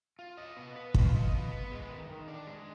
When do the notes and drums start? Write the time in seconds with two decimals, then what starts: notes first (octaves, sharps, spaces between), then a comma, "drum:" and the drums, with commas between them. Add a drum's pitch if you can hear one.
0.19 F4
0.37 D#5
0.57 B3
0.76 B4
0.94 F4, drum: kick
1.14 D#5
1.33 B3
1.52 B4
1.71 G#3
1.90 D#3
2.09 D#3
2.28 D4
2.47 G#3